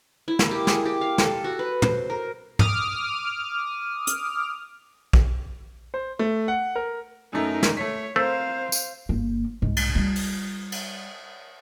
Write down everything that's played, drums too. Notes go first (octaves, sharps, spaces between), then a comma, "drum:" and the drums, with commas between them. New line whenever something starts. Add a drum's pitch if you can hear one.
E4
A#3, drum: snare
G4
G#4, drum: snare
G4
F5
A4, drum: snare
F#4
B4
C5, drum: tom
A#4
D6 D#6 F6, drum: tom
drum: hi-hat
drum: kick A#1
C5
A3
F#5
A#4
F#2 A3 D#4 A#4
drum: snare
A3 C#5 B6
A3 C4 A#4 C5 F5
drum: tambourine
G1 A#3
C2 G#2
drum: cymbal
G3 F4
drum: open hi-hat
drum: cymbal